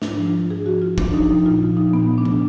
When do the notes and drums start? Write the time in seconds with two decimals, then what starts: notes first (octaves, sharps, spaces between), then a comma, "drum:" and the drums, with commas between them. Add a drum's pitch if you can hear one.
0.02 G#2 D4, drum: snare
0.18 F3
0.27 F4
0.33 F3
0.49 G#2 G#4
0.66 F3 F#4
0.82 F3 F4
0.98 F#2 D4, drum: kick
1.13 F3 D#4
1.30 F3 D#4
1.46 A#2 F4
1.62 F3
1.77 F3 D#4
1.93 A#2 B3
2.09 F3
2.18 D4
2.25 F3, drum: tom C3